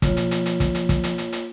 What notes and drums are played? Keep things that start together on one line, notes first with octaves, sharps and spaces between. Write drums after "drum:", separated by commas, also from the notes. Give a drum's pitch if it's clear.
B2 F3 A#3 F4 C#5, drum: kick, hi-hat
drum: hi-hat
drum: hi-hat
drum: hi-hat
drum: kick, hi-hat
drum: hi-hat
drum: kick, hi-hat
drum: hi-hat
drum: hi-hat
drum: hi-hat